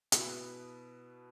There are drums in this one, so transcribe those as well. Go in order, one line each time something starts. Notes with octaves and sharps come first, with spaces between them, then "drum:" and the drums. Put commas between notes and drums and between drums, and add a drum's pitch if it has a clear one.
B2 B3 E4, drum: hi-hat